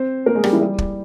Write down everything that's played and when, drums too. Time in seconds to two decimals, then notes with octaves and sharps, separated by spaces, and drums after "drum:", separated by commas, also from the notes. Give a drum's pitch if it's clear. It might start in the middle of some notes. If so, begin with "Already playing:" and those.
Already playing: C4 C5
0.26 A#3 A#4
0.35 G#3 G#4
0.44 G3 G4, drum: rim click
0.52 E3 E4
0.61 G3 G4
0.78 drum: kick